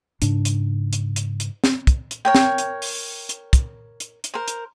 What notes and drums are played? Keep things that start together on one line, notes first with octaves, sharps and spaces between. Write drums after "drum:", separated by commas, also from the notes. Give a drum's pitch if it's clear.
G#2 C#3 D4, drum: hi-hat
drum: hi-hat
drum: hi-hat
drum: hi-hat
drum: hi-hat
drum: snare
drum: kick, hi-hat
drum: hi-hat
A#4 C#5 G5
drum: snare
drum: hi-hat
drum: open hi-hat
drum: hi-hat
drum: kick, hi-hat
drum: hi-hat
drum: hi-hat
A#4 C5
drum: hi-hat